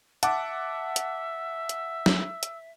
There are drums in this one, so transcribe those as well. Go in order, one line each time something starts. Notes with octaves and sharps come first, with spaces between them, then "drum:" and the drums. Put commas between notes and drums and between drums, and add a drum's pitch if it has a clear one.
E5 F#5 A5 D6 E6, drum: hi-hat
drum: hi-hat
drum: hi-hat
drum: snare
drum: hi-hat